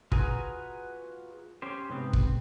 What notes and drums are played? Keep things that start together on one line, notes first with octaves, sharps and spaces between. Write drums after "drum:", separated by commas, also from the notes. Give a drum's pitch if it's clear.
F4 F#4 G#4 B4 G#5 A#5, drum: kick
C#4 G4 C5
G#2 C3 B3 C4
drum: kick